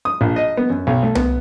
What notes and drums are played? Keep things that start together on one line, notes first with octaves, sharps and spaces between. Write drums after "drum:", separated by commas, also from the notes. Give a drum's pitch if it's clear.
D#6
A#1
D#5
B3
F#2
B1
A3
B3, drum: tom C2